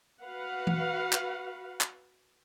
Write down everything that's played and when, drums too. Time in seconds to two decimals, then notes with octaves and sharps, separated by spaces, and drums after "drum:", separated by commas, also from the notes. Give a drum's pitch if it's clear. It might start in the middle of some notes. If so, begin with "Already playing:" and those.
0.21 F#4 B4 F5 F#5
0.67 drum: tom E3
1.12 drum: clap
1.81 drum: clap